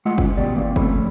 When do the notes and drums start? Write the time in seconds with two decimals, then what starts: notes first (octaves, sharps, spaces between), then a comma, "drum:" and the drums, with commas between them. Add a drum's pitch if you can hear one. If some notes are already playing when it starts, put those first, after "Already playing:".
0.05 G#3 A3 F4 D#5 F#5
0.18 C#4, drum: kick G1
0.37 E2 B2 G4 D5
0.56 E3 A#3 C4
0.76 F2 A3 C#4 B5, drum: kick G1